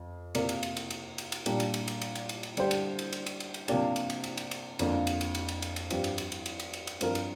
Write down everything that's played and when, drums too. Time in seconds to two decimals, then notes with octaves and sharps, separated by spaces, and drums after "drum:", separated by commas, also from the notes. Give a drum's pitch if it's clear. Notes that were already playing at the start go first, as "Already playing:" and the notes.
Already playing: F2
0.35 C3 A#3 F4 A#4 D5, drum: cymbal
0.49 drum: cymbal
0.63 drum: cymbal
0.77 drum: cymbal
0.90 drum: cymbal
1.18 drum: cymbal
1.32 drum: cymbal
1.46 A#2 G3 D4 G4, drum: cymbal
1.60 drum: cymbal
1.74 drum: cymbal
1.88 drum: cymbal
2.02 drum: cymbal
2.15 drum: cymbal
2.29 drum: cymbal
2.43 drum: cymbal
2.57 D3 G3 D4 G4 C5, drum: cymbal
2.71 drum: cymbal
2.99 drum: cymbal
3.13 drum: cymbal
3.26 drum: cymbal
3.40 drum: cymbal
3.54 drum: cymbal
3.68 C3 F3 A#3 D4 G4, drum: cymbal
3.96 drum: cymbal
4.10 drum: cymbal
4.24 drum: cymbal
4.37 drum: cymbal
4.51 drum: cymbal
4.79 F2 D3 A#3 D4, drum: cymbal
5.07 drum: cymbal
5.21 drum: cymbal
5.35 drum: cymbal
5.49 drum: cymbal
5.62 drum: cymbal
5.76 drum: cymbal
5.90 G2 F3 C4 G4, drum: cymbal
6.04 drum: cymbal
6.18 drum: cymbal
6.32 drum: cymbal
6.46 drum: cymbal
6.60 drum: cymbal
6.73 drum: cymbal
6.87 drum: cymbal
7.01 G2 F3 C4 A#4, drum: cymbal
7.15 drum: cymbal